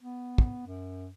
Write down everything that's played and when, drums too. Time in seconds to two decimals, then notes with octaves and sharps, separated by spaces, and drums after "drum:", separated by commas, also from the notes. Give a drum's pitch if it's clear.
0.01 B3
0.38 drum: kick
0.66 F#2